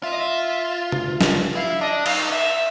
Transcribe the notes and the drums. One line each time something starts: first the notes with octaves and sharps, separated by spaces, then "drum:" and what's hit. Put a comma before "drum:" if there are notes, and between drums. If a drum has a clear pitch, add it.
F4 E5
D#5
E5
drum: tom C#3
drum: snare
E4 F5
D4 D#5
D#4 F5, drum: cymbal
E5